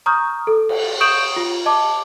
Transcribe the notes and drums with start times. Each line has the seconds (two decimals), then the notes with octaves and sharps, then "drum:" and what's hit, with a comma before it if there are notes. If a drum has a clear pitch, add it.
0.06 A#5 C#6 D#6 F6 G6
0.47 A4
0.69 drum: cymbal
1.00 C#6 D#6 G6 D7 E7 F#7
1.36 F4
1.66 D#5 A5 D6